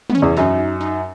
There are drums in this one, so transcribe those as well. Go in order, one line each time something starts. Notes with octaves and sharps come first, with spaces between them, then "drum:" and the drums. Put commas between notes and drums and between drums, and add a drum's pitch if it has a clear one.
B3, drum: tom
C#4
E2
F#2 D#4
D#4